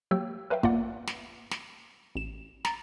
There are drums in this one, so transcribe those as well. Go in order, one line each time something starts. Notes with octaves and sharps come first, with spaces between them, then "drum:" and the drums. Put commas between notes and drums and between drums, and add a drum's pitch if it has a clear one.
F#3 A#3 G4 C#5 G5 E6
A#4 B4 C#5 E5 F5 G5
A#3 F4 D5 F#5, drum: kick
drum: snare
drum: snare
A1 E7
A#5 A6, drum: snare